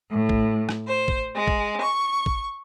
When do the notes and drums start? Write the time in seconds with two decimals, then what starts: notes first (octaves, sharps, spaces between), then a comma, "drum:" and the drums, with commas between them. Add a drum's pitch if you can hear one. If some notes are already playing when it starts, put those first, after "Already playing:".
0.11 A2
0.29 drum: kick
0.69 drum: rim click
0.88 C5
1.08 drum: kick
1.37 G#3
1.47 drum: kick
1.82 C#6
2.26 drum: kick